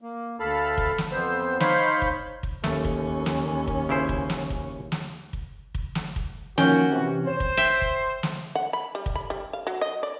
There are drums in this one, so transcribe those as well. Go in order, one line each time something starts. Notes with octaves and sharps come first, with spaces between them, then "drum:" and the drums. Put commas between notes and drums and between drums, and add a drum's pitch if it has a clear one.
A#3
D2 A4 F5 A5 B5 F6
drum: kick
drum: snare
F2 B3 C5 E6
D#4 C5 C#5 F5 B5 C6, drum: snare
drum: kick
drum: kick
D#2 A3 C#4, drum: snare
drum: kick
drum: snare
drum: kick
C#3 E4 C5
drum: kick
drum: snare
drum: kick
drum: snare
drum: kick
drum: kick
drum: snare
drum: kick
D#3 F3 A#3 C#4 F#4 G5, drum: snare
C3 E3
C5 C#5 E7
drum: kick
E5 G5
drum: kick
drum: snare
F#5
B5
G3
drum: kick
B5
G3
F5
F#3
D#5
D5